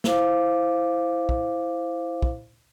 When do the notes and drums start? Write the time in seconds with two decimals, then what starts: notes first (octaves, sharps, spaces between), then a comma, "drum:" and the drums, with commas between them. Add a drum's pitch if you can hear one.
0.04 E4 C5 F5 D6, drum: snare
1.29 drum: kick
2.22 drum: kick